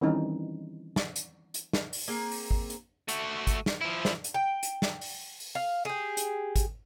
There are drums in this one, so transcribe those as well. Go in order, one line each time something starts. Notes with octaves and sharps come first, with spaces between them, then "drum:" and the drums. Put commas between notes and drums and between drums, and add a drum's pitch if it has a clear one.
D#3 E3 G3 C4 C#4 D#4
drum: snare
drum: hi-hat
drum: hi-hat
drum: snare
drum: open hi-hat
A#3 C4 G#4
drum: open hi-hat
drum: kick G#1
drum: hi-hat
A3 F#4, drum: hi-hat
drum: kick G#1, hi-hat
drum: snare
F3 E4
drum: snare
drum: hi-hat
G5
drum: hi-hat
drum: snare
drum: open hi-hat
drum: open hi-hat
F5
G4 G#4
drum: hi-hat
drum: kick G#1, hi-hat